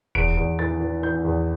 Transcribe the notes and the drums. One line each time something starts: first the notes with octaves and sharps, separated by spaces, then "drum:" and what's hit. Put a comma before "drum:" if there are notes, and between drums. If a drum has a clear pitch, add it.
E2 D7, drum: kick D#1
E2
E3 A6
E3
E3 G6
E2